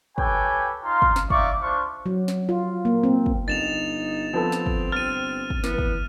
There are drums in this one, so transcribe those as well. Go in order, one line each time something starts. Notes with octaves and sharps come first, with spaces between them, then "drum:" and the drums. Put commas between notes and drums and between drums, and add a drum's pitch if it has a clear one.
G4 A4 B4 C#5 G5 G#5, drum: kick
D#4 F4 F5 A#5 C6
drum: kick
drum: snare
D#4 D5 E5 F5 C#6, drum: kick
D4 F4 C5 C#6
F#3
drum: snare
F4
A#3
C4
drum: kick
G1 D#4 A6 E7 F7
F3 B3 C4 A4
drum: snare
drum: kick
G1 F6 A6 D#7
drum: kick
E3 B3, drum: snare
drum: kick